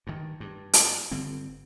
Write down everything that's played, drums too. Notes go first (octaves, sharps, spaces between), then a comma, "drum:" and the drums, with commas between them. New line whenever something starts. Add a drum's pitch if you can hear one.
G2 D#3
G2
drum: hi-hat
G1 D3 G3 C4